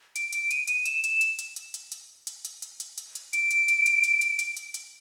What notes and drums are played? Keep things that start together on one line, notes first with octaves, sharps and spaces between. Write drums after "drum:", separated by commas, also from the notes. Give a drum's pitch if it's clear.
D7, drum: hi-hat
D7, drum: hi-hat
D#7, drum: hi-hat
D#7, drum: hi-hat
E7, drum: hi-hat
E7, drum: hi-hat
drum: hi-hat
drum: hi-hat
drum: hi-hat
drum: hi-hat
drum: hi-hat
drum: hi-hat
drum: hi-hat
drum: hi-hat
drum: hi-hat
drum: hi-hat
drum: hi-hat
D7, drum: hi-hat
drum: hi-hat
drum: hi-hat
drum: hi-hat
drum: hi-hat
drum: hi-hat
drum: hi-hat
drum: hi-hat
drum: hi-hat